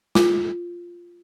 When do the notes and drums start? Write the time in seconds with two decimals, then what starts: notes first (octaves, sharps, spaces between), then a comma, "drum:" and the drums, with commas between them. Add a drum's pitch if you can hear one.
0.15 F4, drum: snare